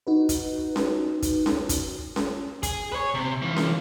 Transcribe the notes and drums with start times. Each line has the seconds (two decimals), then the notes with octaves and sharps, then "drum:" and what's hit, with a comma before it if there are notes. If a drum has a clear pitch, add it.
0.07 D#4 F#4 B4
0.29 drum: kick, hi-hat
0.76 drum: snare C#4
1.22 drum: kick, hi-hat
1.46 drum: snare C#4
1.69 drum: kick, hi-hat
2.16 drum: snare C#4
2.63 G#4, drum: kick, hi-hat
2.92 B4 C#5
3.14 C3
3.42 E3 F4
3.56 drum: snare C#4